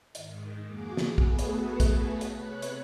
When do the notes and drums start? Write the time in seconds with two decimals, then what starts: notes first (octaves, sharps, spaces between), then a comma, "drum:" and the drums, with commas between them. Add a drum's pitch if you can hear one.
0.15 G#2 D#3, drum: hi-hat
0.63 F2 A#3 F#4 G#4 D6
0.97 drum: snare
1.07 A3 B3 F#4 G#4 A4 B4
1.18 drum: kick
1.39 drum: hi-hat
1.80 drum: kick, hi-hat
2.21 drum: hi-hat
2.34 C3 B4 C#5 F#6
2.62 drum: hi-hat